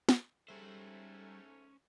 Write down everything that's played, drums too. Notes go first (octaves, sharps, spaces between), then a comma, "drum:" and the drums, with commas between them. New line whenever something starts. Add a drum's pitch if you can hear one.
drum: snare
G#2 G3 A3 C#4 C5 E5